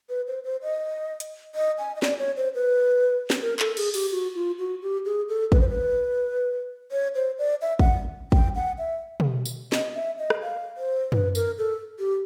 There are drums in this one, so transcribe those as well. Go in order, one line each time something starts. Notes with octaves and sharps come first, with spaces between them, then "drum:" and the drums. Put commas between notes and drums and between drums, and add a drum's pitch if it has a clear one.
B4
C5
C5
D#5
drum: hi-hat
D#5
G#5
D#5
D5, drum: snare
C#5
C5
B4
drum: snare
A#4
A4, drum: clap
G#4, drum: cymbal
G4, drum: open hi-hat
F#4
F4
F#4
G4
G#4
A4
B4, drum: kick
C5
B4
C#5
C5
D5
E5
F#5, drum: kick
G5, drum: kick
F#5
E5
drum: tom
drum: tambourine
D#5, drum: snare
E5
D#5
drum: rim click
F5
C5
B4, drum: tom F#2
A#4, drum: tambourine
A4
G4